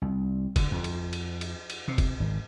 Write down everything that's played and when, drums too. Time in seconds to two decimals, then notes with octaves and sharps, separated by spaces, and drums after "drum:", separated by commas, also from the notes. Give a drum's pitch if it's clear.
0.02 C2
0.56 D3, drum: kick, cymbal
0.71 F2
0.84 drum: cymbal
1.13 drum: cymbal
1.41 drum: cymbal
1.70 drum: cymbal
1.88 C3
1.98 drum: kick, cymbal
2.20 G#1